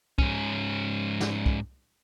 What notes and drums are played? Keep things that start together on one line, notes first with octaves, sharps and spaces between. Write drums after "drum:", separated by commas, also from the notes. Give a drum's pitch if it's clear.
G#2 C#4, drum: kick C2
drum: snare
drum: kick C2